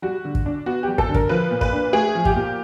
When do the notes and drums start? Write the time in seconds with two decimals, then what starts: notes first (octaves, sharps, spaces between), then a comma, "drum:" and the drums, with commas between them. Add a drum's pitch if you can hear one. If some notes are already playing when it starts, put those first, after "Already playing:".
0.02 G3 F#4
0.25 D3
0.35 drum: kick
0.46 D4
0.66 B3 F#4
0.83 G4
0.88 G3
0.98 A4, drum: kick
1.09 D3
1.14 A#4, drum: kick
1.29 F3 B4
1.51 A#2
1.61 B4, drum: kick
1.73 D4
1.93 A3 G#4
2.15 F3
2.25 G4, drum: kick
2.36 A#2